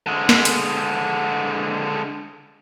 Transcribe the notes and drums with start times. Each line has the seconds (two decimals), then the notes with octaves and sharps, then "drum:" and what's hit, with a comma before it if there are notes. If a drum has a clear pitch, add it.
0.07 D3 G#3
0.29 drum: snare
0.45 drum: hi-hat